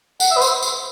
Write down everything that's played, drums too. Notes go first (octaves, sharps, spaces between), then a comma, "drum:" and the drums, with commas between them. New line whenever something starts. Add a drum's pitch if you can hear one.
F#5, drum: tambourine
E5
B4
C5, drum: tambourine
drum: tambourine